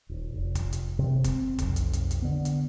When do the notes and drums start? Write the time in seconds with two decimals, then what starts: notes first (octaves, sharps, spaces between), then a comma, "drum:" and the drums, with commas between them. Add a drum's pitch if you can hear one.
0.09 D#1
0.34 F1
0.55 drum: kick, hi-hat
0.73 drum: hi-hat
0.99 C3
1.24 C4, drum: kick, hi-hat
1.58 B1 F2, drum: kick, hi-hat
1.76 drum: hi-hat
1.93 drum: hi-hat
2.11 drum: hi-hat
2.22 D3 B3
2.45 drum: hi-hat